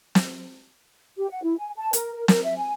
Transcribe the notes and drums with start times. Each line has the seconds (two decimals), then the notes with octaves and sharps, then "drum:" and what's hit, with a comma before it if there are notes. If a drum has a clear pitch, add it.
0.15 drum: snare
1.17 G4
1.31 F#5
1.43 E4
1.59 G#5
1.77 A5
1.93 A#4, drum: hi-hat
2.14 A#4
2.28 A#4, drum: snare
2.44 E5
2.57 G#5